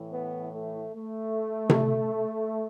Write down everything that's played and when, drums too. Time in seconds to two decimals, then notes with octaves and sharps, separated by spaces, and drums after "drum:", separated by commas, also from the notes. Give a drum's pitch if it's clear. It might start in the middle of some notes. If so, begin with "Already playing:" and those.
Already playing: A2 E3
0.12 B3
0.54 A3
0.95 A3
1.69 drum: tom C3